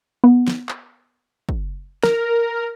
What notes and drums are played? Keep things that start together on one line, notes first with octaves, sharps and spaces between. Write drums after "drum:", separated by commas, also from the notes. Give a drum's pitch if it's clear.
B3
drum: snare
drum: clap
drum: kick
A#4, drum: snare